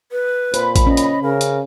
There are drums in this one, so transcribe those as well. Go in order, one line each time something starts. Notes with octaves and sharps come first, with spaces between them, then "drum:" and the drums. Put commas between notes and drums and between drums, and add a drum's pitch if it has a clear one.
B4
A#2 C5 B5, drum: hi-hat
drum: kick A1, hi-hat
C#4 D#5
drum: hi-hat
C#3 A#4
drum: hi-hat